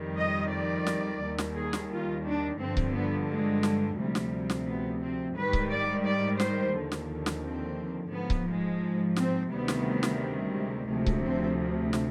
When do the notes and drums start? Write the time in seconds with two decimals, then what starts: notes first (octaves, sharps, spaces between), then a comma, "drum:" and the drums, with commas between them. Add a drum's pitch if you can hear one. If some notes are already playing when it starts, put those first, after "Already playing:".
Already playing: F2 D#3 G3
0.18 D#5
0.51 D5
0.87 drum: snare
1.21 D#2 D#3 G3
1.38 drum: snare
1.56 G#4
1.73 drum: snare
1.91 F4
2.25 D4
2.59 G2 D3 F3 C4
2.77 drum: kick C#1
2.93 B3
3.28 G#3
3.63 drum: snare
3.97 D2 C3 F3 G3
4.15 drum: snare
4.50 drum: snare
4.67 B3
5.01 C4
5.36 G#2 D#3 G3 B4
5.53 drum: kick C#1
5.70 D5
6.05 D5
6.40 C5, drum: snare
6.75 D#2 D3 F3
6.92 drum: snare
7.26 drum: snare
7.43 C4
8.12 G#2 F3 B3
8.30 drum: kick C#1
8.47 G#3
9.16 C4, drum: snare
9.50 D2 C3 D#3 G3 B3
9.68 drum: snare
10.03 drum: snare
10.54 G#3
10.89 D2 C3 F3 G#3
11.06 drum: kick C#1
11.23 C4
11.93 drum: snare